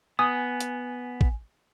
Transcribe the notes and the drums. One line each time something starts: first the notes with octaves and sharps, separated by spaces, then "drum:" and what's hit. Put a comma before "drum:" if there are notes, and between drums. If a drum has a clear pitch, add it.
B3 G#5 D#6
drum: hi-hat
drum: kick A1